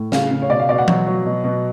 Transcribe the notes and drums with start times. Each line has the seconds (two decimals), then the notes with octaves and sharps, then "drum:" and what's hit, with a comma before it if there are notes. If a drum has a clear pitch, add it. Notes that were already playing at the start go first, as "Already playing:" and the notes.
Already playing: A2
0.12 C#3 F5, drum: snare
0.31 C#3
0.42 C#5
0.50 B2 D5
0.60 F5
0.69 B2 D5
0.78 F#5
0.88 F#3, drum: tom E3
1.07 F#3
1.26 B2
1.44 B2